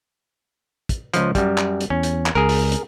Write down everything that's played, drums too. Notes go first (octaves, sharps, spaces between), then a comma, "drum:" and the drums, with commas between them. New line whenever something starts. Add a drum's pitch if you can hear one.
drum: kick, hi-hat
C#2 F3, drum: hi-hat
F#2 G3, drum: kick, hi-hat
drum: clap
drum: hi-hat
E2 C#4
drum: hi-hat
drum: clap
C#2 G#4 A#4
drum: open hi-hat
drum: hi-hat